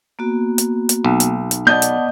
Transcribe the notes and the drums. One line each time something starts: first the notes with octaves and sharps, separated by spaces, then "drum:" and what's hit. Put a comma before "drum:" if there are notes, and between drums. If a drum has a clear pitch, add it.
A#3 B3 F#4
drum: hi-hat
drum: hi-hat
B1
drum: hi-hat
drum: hi-hat
B3 D5 D#5 F#5 A5 G6
drum: hi-hat